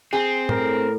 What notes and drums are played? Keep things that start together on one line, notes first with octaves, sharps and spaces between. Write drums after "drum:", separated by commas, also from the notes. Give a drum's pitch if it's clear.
C4 G#4
A2 A#4, drum: tom